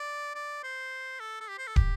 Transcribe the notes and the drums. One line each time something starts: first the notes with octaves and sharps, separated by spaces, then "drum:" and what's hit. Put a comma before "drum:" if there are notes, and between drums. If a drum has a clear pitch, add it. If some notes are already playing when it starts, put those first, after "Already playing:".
Already playing: D5
D5
C5
A4
A4
G4
C5
A4
G4, drum: kick